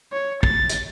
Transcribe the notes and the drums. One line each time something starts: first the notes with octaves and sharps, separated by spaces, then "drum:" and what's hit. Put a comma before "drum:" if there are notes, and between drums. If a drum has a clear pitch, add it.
C#5
A6, drum: kick
drum: hi-hat